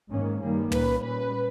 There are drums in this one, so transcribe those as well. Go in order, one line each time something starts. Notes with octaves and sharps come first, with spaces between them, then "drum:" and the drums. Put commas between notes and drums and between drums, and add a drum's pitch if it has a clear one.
G#2 D#3 A#3 C#4
G2 D#3 G3 A#3 C#4
A#2 G3 C#4 B4, drum: tom
A#2 G3 C#4 B4